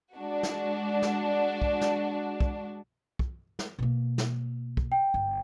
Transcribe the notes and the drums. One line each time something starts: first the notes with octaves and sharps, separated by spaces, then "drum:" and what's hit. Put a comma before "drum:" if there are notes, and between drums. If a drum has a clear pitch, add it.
G#3 D4 F#4
drum: snare
drum: snare
drum: kick
drum: snare
drum: kick
drum: kick
drum: snare
B2 A#3
drum: snare
drum: kick
G5
G1